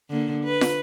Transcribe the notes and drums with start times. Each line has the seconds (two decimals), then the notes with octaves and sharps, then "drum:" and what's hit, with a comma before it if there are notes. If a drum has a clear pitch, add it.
0.10 D3 A#3
0.44 B4
0.61 drum: snare